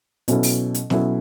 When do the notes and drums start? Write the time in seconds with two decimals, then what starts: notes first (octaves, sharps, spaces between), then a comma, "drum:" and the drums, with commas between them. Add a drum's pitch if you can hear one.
0.28 B2 F#3 C#4 E4 A4, drum: hi-hat
0.43 drum: open hi-hat
0.74 drum: hi-hat
0.90 B2 F#3 C#4 E4 A4, drum: snare